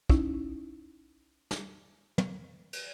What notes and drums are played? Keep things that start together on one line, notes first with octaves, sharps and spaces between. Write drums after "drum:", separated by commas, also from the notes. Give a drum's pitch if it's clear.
C#4 D#4 E4, drum: kick
drum: snare
drum: tom
drum: cymbal